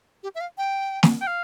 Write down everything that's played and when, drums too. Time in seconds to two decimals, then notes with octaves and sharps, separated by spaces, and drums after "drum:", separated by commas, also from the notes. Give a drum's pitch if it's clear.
0.23 G4
0.35 E5
0.41 F5
0.58 G5
1.03 drum: snare
1.21 G5
1.27 F5